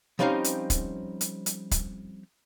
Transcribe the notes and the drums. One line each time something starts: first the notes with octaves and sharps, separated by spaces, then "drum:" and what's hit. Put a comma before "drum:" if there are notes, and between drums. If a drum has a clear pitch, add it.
F3 G3 C4 C#4 D#4 F5
drum: hi-hat
drum: kick, hi-hat
drum: hi-hat
drum: hi-hat
drum: kick, hi-hat